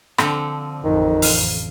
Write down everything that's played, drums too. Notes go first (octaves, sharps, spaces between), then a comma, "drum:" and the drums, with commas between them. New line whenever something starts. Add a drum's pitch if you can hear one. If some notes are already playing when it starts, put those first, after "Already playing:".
D3 F3 C4, drum: rim click
A1 F2 D#3
F5, drum: open hi-hat